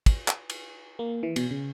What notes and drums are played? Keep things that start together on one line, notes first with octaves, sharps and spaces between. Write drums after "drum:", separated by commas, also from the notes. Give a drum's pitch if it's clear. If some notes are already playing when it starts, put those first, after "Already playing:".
drum: kick, cymbal
drum: clap
drum: cymbal
A#3
E3
B2, drum: cymbal
C#3